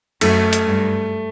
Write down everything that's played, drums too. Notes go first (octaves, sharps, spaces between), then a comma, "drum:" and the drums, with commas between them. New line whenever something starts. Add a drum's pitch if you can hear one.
F#2 A3, drum: cymbal
drum: hi-hat
G2